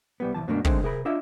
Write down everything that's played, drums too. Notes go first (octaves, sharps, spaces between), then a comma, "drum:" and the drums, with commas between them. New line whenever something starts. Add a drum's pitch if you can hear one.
C2 G3 B3
C2 G2 E3 A5
F#2 B2 D3 A3 A#3 D4
D3 D#3 G#3 A3 C4, drum: kick
C3 G#4 A#4 B5
D4 F4 D#5 E5